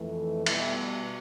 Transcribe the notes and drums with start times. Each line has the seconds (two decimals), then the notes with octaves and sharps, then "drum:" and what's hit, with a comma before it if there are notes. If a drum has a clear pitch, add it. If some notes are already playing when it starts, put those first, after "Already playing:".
Already playing: F2 E3 A3
0.46 B2 G3 E4, drum: cymbal